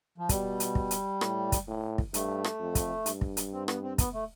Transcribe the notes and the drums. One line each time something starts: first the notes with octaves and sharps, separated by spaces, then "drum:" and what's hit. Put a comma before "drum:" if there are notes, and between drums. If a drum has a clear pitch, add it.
F3
B2 G3, drum: kick, hi-hat
drum: hi-hat
drum: kick
drum: hi-hat
A2, drum: rim click
drum: kick, hi-hat
A2
drum: kick
G2 A3, drum: hi-hat
drum: rim click
F2
drum: kick, hi-hat
G2, drum: hi-hat
drum: kick
drum: hi-hat
C4
B3, drum: rim click
C4
B3, drum: kick, hi-hat
A3